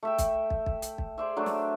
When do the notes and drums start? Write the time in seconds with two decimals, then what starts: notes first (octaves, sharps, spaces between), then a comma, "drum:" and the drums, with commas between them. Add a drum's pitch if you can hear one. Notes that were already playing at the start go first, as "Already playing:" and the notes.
0.03 A3 E5 G5
0.19 drum: kick, hi-hat
0.50 drum: kick
0.66 drum: kick
0.82 drum: hi-hat
0.98 drum: kick
1.18 G#4 C5 D5 E5
1.37 F#3 A3 D4
1.46 drum: snare